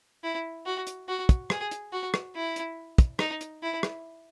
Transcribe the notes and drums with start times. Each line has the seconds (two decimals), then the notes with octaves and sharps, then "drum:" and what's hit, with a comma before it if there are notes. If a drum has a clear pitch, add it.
0.24 E4
0.66 F#4
0.87 drum: hi-hat
1.08 F#4
1.29 drum: kick, hi-hat
1.50 G#4, drum: rim click
1.71 drum: hi-hat
1.92 F#4
2.14 drum: rim click
2.35 E4
2.56 drum: hi-hat
2.98 drum: kick, hi-hat
3.19 D#4, drum: rim click
3.41 drum: hi-hat
3.63 E4
3.83 drum: rim click